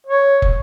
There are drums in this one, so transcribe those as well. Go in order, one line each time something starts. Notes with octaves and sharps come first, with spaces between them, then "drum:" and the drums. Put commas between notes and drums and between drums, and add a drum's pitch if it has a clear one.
C#5
drum: kick